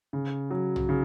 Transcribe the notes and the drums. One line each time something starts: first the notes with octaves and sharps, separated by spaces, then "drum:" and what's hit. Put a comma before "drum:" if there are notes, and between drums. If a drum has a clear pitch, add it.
C#3
F#3
drum: tom
C#3